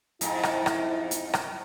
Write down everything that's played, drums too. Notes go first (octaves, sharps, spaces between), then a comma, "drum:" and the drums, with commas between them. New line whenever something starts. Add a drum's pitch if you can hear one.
F2 G#2 E4, drum: hi-hat
drum: rim click
drum: rim click
drum: hi-hat
drum: rim click